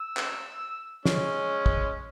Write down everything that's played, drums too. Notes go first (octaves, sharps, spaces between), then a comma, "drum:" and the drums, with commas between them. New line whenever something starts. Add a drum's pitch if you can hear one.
E6
drum: clap
G#3 C#4, drum: snare
drum: kick